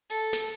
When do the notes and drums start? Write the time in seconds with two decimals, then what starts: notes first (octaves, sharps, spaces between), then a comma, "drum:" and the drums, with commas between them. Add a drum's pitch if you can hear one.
0.10 A4
0.33 drum: snare